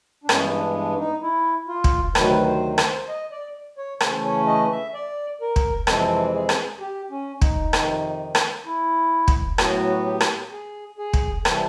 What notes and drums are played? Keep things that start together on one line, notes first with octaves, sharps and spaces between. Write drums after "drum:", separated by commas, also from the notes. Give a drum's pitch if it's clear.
D4
G2 E3 G#3 B3 C#4, drum: rim click
D4
D4
D#4
E4
F4
drum: kick
D2 C3 D#3 F#3 B4, drum: rim click
C5
C5, drum: rim click
D#5
D5
C#5
C#3 E3 A3 C#4 C5, drum: rim click
C#5
D#5
E5
D5
A#4
drum: kick
F2 C3 E3 G#3 C4 A4, drum: rim click
G#4
drum: rim click
G4
C#4
D#4, drum: kick
F2 C3 D#3, drum: rim click
drum: rim click
E4
drum: kick
A2 F#3 B3 F#4, drum: rim click
G4
drum: rim click
G#4
G#4
drum: kick
C3 E3 G3 A4, drum: rim click